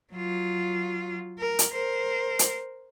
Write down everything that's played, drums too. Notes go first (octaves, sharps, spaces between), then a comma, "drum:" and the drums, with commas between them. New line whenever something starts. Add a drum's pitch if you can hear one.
F#3 F4
A#4
drum: hi-hat
A#4 C5
drum: hi-hat